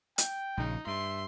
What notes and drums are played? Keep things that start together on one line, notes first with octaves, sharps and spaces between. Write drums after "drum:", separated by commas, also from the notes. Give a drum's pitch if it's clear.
G5, drum: hi-hat
A#1 C#3 D#4
G2 E5 C6